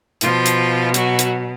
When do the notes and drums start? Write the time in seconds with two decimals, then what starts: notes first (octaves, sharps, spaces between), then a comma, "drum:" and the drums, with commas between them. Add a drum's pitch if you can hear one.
0.21 B2 F3 F4, drum: hi-hat
0.46 drum: hi-hat
0.94 F#3 F#4, drum: hi-hat
1.19 drum: hi-hat